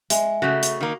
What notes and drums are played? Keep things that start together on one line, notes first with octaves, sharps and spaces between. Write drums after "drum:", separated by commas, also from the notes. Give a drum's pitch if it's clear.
G#3 E5, drum: hi-hat
C#3 A3 F#4
drum: hi-hat
D#3 A#3